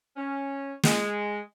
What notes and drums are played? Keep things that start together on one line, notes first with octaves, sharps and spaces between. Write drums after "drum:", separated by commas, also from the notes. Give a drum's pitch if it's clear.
C#4
G#3, drum: snare